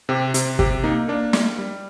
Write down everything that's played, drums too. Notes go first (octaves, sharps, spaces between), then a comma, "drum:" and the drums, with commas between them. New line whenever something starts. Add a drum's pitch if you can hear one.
C3 G4
C3, drum: hi-hat
C3 G4, drum: kick
A#3 D#4
A#3 D4
G3, drum: snare
G3